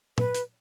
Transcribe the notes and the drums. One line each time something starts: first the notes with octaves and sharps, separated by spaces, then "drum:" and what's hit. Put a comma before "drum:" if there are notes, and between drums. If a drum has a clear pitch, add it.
B4, drum: tom
drum: hi-hat